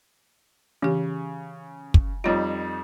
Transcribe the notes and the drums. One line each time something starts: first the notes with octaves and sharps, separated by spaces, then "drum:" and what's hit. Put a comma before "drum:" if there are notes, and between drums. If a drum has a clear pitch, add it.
C#3 E3 G4
drum: kick
F2 G3 D#4 F4 C#5